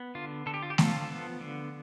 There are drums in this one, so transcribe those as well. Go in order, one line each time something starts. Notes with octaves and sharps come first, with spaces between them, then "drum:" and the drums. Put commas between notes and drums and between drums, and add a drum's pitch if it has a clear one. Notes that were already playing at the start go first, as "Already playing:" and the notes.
Already playing: B3
D3 F4
D3 A4
G4
F4
G4
F3 F4 A4, drum: snare A3
B3
D3